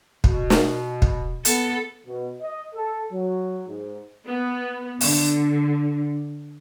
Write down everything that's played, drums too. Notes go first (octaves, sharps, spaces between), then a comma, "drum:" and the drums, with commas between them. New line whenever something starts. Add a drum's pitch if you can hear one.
B2, drum: kick
drum: snare
drum: kick
B3 A4, drum: hi-hat
B2
D#5
A4
F#3
G#2
B3
D3, drum: open hi-hat